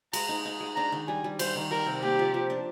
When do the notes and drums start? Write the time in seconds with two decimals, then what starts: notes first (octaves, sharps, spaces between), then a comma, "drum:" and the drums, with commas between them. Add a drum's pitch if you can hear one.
0.13 G#3 A#5, drum: cymbal
0.29 D#4
0.45 D#4
0.60 G#3
0.76 D4 A#5
0.92 D#3
1.08 G3 G#5
1.24 G3
1.39 G3 C5, drum: cymbal
1.56 D#3
1.71 G3 A#4
1.86 C3
2.02 A#3 G4
2.19 F3
2.34 F3
2.50 D4